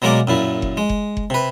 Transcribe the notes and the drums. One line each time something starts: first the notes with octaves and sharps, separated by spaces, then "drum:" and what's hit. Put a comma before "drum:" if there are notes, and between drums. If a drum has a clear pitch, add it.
B2 F#3 G#3 A#3 A#4 D5
F#2 A#2 E4
drum: kick F#1
G#3
drum: kick F#1
drum: kick F#1
C3 B4